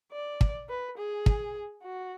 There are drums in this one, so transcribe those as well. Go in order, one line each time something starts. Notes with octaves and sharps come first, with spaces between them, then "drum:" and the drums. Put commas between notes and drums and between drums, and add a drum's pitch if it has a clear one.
D5
drum: kick
B4
G#4
drum: kick
F#4